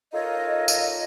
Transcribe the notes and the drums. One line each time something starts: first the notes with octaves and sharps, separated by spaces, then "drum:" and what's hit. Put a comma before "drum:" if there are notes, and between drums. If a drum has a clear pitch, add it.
D#4 F4 A4 A#4 C#5 D#5
drum: tambourine